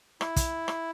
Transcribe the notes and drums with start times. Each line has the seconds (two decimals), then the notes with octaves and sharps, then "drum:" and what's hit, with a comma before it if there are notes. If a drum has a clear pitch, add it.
0.21 E4, drum: rim click
0.36 drum: kick, hi-hat
0.68 drum: rim click